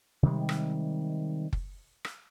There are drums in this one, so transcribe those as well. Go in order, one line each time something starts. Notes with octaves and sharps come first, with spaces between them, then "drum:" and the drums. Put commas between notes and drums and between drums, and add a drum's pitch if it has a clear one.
C3 D#3 G3 G#3
drum: rim click
drum: kick F#1
drum: rim click